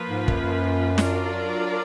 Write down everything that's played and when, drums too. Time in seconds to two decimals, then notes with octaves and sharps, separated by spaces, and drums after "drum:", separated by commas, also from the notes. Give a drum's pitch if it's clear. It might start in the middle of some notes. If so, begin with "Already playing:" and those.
Already playing: F3 A#3 F4 B4
0.09 G#2
0.28 F#2, drum: kick
0.98 F#3 D4 F4 A#4 D5, drum: snare